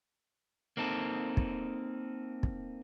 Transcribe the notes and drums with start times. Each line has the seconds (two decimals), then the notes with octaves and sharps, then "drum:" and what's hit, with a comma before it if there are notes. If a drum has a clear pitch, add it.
0.77 A#3 C4 D#4 A4
1.37 drum: kick
2.43 drum: kick